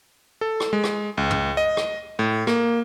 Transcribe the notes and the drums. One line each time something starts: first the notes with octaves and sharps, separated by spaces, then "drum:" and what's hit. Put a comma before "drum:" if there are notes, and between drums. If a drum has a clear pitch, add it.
A4
drum: rim click
G#3
drum: rim click
C#2
drum: tom
D#5
drum: rim click
A2
A#3, drum: rim click